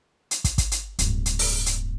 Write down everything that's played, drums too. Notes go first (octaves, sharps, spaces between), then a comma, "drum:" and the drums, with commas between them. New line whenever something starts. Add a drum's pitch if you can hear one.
drum: hi-hat
drum: kick, hi-hat
drum: kick, hi-hat
drum: hi-hat
D1 G2, drum: hi-hat
drum: hi-hat
drum: open hi-hat
drum: hi-hat